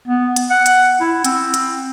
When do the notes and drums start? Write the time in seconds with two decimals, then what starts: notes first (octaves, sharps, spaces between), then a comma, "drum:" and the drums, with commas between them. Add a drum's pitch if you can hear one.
0.08 B3
0.36 drum: hi-hat
0.50 F#5
0.66 drum: hi-hat
1.01 E4
1.24 C4, drum: hi-hat
1.54 drum: hi-hat